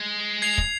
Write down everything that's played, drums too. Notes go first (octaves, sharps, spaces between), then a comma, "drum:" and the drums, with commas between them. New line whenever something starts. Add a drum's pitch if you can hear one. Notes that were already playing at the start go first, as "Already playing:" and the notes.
Already playing: G#3
G#6 C7 F7
drum: kick